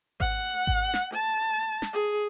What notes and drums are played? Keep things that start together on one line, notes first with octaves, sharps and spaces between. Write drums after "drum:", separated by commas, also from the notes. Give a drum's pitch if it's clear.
F#5, drum: kick G#1
drum: kick G#1
drum: snare
A5
drum: snare
G#4